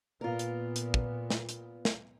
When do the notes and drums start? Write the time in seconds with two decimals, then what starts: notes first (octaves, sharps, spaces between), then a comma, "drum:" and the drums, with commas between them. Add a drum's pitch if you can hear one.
0.21 A#2 B3 F4 A#4
0.39 drum: hi-hat
0.76 drum: hi-hat
0.94 drum: kick
1.30 drum: snare
1.49 drum: hi-hat
1.85 drum: snare